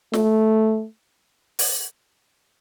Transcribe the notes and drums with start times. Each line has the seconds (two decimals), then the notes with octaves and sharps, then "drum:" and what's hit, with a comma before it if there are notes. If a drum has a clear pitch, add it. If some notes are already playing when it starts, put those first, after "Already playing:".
0.13 A3, drum: snare
1.59 drum: open hi-hat